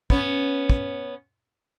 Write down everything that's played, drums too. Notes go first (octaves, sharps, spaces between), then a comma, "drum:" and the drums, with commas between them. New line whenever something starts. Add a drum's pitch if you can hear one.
B3 C#4, drum: kick
drum: kick